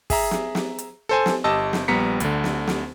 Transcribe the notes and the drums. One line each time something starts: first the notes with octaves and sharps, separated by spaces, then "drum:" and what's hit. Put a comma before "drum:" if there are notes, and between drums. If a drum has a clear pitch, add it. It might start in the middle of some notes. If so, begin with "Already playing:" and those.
G#4 E5 A#5, drum: kick, open hi-hat
drum: snare
drum: snare
drum: hi-hat
A4 C5 G#5
drum: snare
G1 G4 D#5 A5 E6
drum: snare
A#1 G3 B3 A#5 B6 C#7
D2 D3, drum: hi-hat
drum: snare
drum: snare